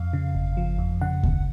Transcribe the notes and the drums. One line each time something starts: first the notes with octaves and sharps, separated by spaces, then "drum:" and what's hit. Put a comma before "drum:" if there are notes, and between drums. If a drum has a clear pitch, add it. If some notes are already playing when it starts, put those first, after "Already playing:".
Already playing: F2 F5
C#3
G1
F3
F2
C#3 F#5
G1, drum: kick D2